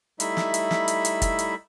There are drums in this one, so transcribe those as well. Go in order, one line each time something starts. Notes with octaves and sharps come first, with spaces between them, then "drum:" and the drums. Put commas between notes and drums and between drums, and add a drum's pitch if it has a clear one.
G3 A3 D#4 E4 E5 B5, drum: hi-hat
drum: snare
drum: hi-hat
drum: snare
drum: hi-hat
drum: hi-hat
drum: kick, hi-hat
drum: hi-hat